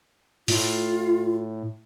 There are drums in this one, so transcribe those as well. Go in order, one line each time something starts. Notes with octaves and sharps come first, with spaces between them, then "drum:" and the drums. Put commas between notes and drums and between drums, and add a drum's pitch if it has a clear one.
A2 F4, drum: open hi-hat